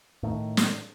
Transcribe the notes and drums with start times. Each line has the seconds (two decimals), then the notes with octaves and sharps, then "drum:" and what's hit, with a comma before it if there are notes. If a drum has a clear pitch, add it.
0.23 A2 D#3
0.57 drum: snare